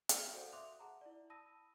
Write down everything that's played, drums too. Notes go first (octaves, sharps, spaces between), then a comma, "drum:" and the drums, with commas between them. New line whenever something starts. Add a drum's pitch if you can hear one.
F6 G6 F7, drum: hi-hat
F#4 A4 C5 D5 F5 F#5
E5 C6 D6 D#6 F#6 F7
G#4 F#5 A5 A#5
E4 D5
A5 B5 D#6 E6 A#6 D#7